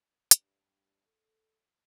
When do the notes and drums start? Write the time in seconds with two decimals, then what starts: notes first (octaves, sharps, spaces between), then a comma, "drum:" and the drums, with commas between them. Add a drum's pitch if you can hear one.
0.31 G2, drum: hi-hat
1.07 A4